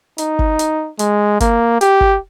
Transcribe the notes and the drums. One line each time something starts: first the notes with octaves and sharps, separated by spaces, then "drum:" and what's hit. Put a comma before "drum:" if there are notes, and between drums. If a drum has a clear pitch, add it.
D#4, drum: hi-hat
drum: kick G1
drum: hi-hat
G#3, drum: hi-hat
A#3, drum: kick G1, hi-hat
G4, drum: hi-hat
drum: kick G1